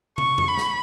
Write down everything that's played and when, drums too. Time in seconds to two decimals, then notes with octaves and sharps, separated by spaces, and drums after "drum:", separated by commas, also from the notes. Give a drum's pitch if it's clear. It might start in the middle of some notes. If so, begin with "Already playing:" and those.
0.18 C#6, drum: tom
0.38 drum: tom F2
0.48 B5
0.57 drum: snare